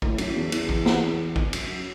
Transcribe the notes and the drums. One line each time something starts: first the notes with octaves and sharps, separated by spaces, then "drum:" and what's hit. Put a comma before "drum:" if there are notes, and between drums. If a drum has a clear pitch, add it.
A2, drum: kick
F#2, drum: cymbal
E2
E2, drum: cymbal
drum: kick
drum: snare
drum: kick
F#2, drum: cymbal
F#2